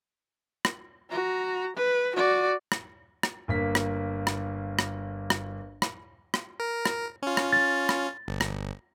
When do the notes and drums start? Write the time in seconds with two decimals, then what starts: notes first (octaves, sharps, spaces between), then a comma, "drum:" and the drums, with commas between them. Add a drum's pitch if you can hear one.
0.65 drum: rim click
1.10 F#4 A#5
1.76 B4
2.16 F#4 D5
2.72 drum: rim click
3.23 drum: rim click
3.48 G1 A#3 B6
3.75 drum: rim click
4.27 drum: rim click
4.79 drum: rim click
5.30 drum: rim click
5.82 drum: rim click
6.34 drum: rim click
6.60 A#4
6.86 drum: rim click
7.23 C#4 F4
7.37 drum: rim click
7.53 A6
7.89 drum: rim click
8.28 G1
8.41 drum: rim click